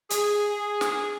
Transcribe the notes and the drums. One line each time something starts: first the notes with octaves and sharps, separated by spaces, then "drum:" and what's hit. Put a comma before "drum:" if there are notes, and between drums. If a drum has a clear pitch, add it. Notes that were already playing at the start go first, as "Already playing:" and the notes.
G#4, drum: hi-hat
drum: snare